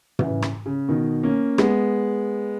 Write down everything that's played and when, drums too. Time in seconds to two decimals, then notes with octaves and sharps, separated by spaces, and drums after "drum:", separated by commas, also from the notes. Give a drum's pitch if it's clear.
0.19 C#3 E3, drum: tom
0.42 drum: rim click
0.66 C#3
0.88 B2 D#3
1.23 A#3 C#4
1.58 G#3 B3, drum: rim click